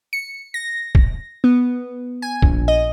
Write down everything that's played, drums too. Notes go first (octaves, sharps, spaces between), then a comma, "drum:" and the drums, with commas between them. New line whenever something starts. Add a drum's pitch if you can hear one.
C#7
A#6
drum: kick
B3
G#5
A#1, drum: kick
D#5